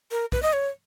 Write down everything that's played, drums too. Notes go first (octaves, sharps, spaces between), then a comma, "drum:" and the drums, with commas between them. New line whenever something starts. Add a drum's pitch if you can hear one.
A#4
B4, drum: kick
D#5
C#5